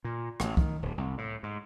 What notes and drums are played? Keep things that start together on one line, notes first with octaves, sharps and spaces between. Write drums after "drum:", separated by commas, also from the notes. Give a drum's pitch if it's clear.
A#2
A1, drum: rim click
D#3, drum: kick C2
D1
C2
A2
G#2